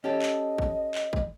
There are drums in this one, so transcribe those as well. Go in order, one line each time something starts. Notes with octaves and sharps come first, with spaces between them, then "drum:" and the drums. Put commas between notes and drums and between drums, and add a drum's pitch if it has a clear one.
C#4 G4 A4 D#5
drum: clap
drum: kick
drum: clap
drum: kick